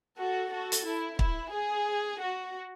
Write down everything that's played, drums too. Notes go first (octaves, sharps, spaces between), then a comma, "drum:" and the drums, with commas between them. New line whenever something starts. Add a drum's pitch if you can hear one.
F#4 A4
F#4 A4
drum: hi-hat
E4
E4, drum: kick
G#4
F#4